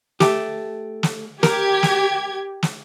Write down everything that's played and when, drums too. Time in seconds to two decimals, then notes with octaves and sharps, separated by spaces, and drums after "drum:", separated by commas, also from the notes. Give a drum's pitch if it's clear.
0.20 A3 G4, drum: snare
1.03 drum: snare
1.43 G4 A#4 G#6, drum: snare
1.83 drum: snare
2.63 drum: snare